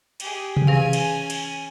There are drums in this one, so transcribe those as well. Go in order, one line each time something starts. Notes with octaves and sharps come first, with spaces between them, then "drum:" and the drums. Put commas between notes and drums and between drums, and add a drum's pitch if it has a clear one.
G4 G#4, drum: cymbal
drum: tom C3
E3 C#4 G#4 F5 G#5
drum: cymbal
drum: cymbal